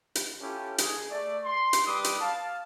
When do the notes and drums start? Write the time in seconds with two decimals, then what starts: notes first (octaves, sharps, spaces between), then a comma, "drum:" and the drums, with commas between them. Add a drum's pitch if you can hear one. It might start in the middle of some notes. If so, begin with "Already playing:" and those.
0.15 drum: hi-hat
0.41 C#4 E4 F4 G4 A4
0.78 G#4, drum: hi-hat
1.10 A3 D5
1.45 C6
1.73 drum: hi-hat
1.86 G3 B4 B5 D6 D#6
2.04 drum: hi-hat
2.20 F5 A5